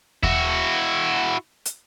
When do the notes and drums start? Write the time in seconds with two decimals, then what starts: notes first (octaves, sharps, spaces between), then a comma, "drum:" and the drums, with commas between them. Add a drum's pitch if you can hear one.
0.23 E4 F#4, drum: kick D#2
1.65 drum: hi-hat